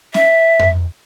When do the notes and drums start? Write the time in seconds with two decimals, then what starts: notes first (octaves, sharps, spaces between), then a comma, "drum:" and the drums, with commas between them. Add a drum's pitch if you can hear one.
0.14 E5, drum: snare C#4
0.59 drum: tom F2